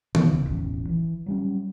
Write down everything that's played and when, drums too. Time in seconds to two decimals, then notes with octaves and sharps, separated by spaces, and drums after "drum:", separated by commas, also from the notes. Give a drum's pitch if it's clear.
0.15 C3 E3 B3, drum: tom D#3
0.31 D1 C#3
0.50 E1 A1 E2 C#4
0.89 E3
1.26 F#3 G3 C#4